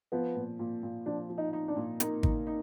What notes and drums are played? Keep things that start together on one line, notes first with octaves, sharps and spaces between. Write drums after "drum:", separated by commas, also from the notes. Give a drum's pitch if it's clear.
F3 B3
A#2
A#2
A#2
F3 D4
F3
D#4
D#4
D4
A#2
A#3 D#4, drum: hi-hat
D#4, drum: kick G#1
D#4